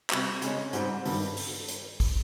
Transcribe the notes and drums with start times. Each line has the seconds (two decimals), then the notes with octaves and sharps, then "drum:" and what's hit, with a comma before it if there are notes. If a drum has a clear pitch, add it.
0.10 C3 G3 C4, drum: clap
0.42 C#3 G#3 C#4, drum: hi-hat
0.73 G#2 G3 C4, drum: hi-hat
1.05 G2 D#3 G3 C4, drum: open hi-hat
1.37 drum: open hi-hat
1.68 drum: hi-hat
2.00 drum: kick, open hi-hat